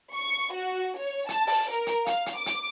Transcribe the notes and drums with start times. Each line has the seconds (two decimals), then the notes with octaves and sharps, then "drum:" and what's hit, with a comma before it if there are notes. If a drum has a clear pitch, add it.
0.13 C#6
0.54 F#4
0.98 C#5
1.29 A5, drum: hi-hat
1.47 drum: open hi-hat
1.70 A#4
1.87 drum: hi-hat
2.06 F5, drum: hi-hat
2.26 drum: hi-hat
2.37 D6
2.46 drum: hi-hat